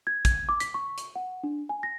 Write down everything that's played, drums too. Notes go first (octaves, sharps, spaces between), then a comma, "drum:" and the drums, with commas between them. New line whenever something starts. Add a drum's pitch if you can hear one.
G#6
G#6, drum: kick, hi-hat
D6
B6, drum: hi-hat
C#6
drum: hi-hat
F#5
D4
G#5
A#6